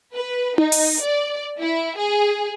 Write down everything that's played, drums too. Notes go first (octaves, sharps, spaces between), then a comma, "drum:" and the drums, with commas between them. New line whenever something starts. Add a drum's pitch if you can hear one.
B4
D#4, drum: tom D#4
drum: open hi-hat
D5
E4
G#4